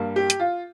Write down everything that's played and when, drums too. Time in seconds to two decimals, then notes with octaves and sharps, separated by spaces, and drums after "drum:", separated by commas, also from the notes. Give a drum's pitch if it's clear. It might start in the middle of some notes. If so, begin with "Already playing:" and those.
Already playing: G2 G3 A#3
0.16 G4
0.30 drum: hi-hat
0.40 F4